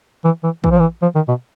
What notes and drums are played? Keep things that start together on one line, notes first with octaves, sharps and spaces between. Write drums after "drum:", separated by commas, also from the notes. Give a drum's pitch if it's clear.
E3
E3
E3, drum: kick A#1
F3
E3
F3
D#3
B2